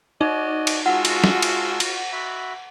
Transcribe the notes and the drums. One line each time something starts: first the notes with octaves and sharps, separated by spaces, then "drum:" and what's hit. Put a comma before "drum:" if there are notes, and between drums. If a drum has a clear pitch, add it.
D#4 F#4 D5 D#5
drum: cymbal
G#3 F4 F#4 F#5 A5 E6
drum: cymbal
drum: snare
drum: cymbal
drum: cymbal
F#4 E5 B5